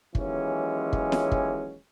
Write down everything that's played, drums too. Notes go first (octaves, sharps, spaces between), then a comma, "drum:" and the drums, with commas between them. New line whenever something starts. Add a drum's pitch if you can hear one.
D#2 E3 F#3 G#3 C#4, drum: kick
drum: kick
drum: snare
drum: kick